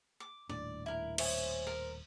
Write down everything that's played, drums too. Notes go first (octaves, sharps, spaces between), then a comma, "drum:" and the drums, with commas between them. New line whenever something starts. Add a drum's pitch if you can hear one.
D6
D#1 A2 D4 D5
E4 A#4
C5 C#5 E5 G#5, drum: cymbal
A#4